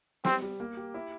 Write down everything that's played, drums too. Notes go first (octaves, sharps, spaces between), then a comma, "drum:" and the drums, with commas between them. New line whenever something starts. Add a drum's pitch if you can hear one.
G3 C4, drum: snare
G3
A#3
G4
E4